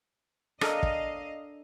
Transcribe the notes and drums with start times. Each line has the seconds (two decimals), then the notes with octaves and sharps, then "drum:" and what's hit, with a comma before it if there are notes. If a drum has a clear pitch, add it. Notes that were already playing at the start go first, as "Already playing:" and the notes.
0.61 D4 A4 A#4 D#5 F5, drum: rim click
0.83 drum: kick